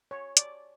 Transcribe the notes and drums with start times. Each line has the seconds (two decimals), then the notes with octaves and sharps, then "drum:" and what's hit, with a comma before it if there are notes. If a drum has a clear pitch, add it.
0.11 C#5
0.37 D5, drum: hi-hat